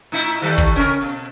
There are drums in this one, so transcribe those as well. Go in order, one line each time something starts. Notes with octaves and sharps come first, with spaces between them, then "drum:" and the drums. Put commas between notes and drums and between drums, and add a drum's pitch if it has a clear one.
A2 D#4 E4
D#3 G3 A3
drum: kick
C#3 C#4 A#4
B2